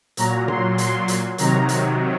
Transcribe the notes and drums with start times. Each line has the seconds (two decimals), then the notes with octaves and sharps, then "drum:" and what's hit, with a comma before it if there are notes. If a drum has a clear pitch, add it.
0.17 A#2 F#3 A#5, drum: hi-hat
0.48 C6, drum: tom A#2
0.78 C6, drum: hi-hat
1.08 drum: hi-hat
1.38 C3 D#3 F#3 A#5, drum: hi-hat
1.69 drum: hi-hat